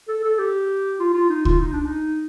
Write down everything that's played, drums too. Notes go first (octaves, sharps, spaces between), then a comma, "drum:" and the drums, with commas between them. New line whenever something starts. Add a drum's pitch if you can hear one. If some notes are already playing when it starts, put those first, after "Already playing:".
A4
A4
G4
F4
F4
D#4
F4, drum: kick C#2
D#4
D4
D#4